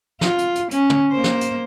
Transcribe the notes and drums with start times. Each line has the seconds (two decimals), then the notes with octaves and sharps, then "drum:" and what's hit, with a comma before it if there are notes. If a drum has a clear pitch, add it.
0.21 F4, drum: snare
0.38 drum: hi-hat
0.55 drum: hi-hat
0.71 C#4, drum: hi-hat
0.90 drum: tom
1.12 A#3 C5
1.24 drum: snare
1.41 drum: hi-hat